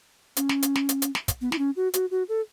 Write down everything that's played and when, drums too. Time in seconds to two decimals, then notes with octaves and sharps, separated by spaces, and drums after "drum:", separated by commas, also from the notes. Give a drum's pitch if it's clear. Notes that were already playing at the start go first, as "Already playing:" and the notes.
0.37 C#4, drum: hi-hat
0.49 drum: snare
0.62 drum: hi-hat
0.76 drum: snare
0.89 drum: hi-hat
1.02 drum: hi-hat
1.15 drum: snare
1.28 drum: kick, hi-hat
1.41 B3
1.52 E4, drum: snare
1.58 C#4
1.76 F#4
1.94 F#4, drum: hi-hat
2.11 F#4
2.29 A4